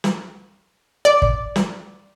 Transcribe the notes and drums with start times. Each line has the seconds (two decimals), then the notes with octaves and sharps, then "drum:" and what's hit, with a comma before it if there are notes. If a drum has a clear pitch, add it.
0.04 drum: snare
1.05 D5
1.22 drum: kick
1.56 drum: snare